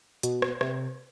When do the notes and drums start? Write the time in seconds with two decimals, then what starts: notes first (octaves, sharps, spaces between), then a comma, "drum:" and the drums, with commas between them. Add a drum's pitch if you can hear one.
0.23 B2, drum: hi-hat
0.42 drum: rim click
0.61 C3, drum: rim click